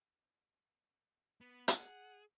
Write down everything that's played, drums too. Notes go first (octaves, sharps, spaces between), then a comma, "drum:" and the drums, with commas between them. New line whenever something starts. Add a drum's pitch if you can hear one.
B3
G#4 F#5, drum: hi-hat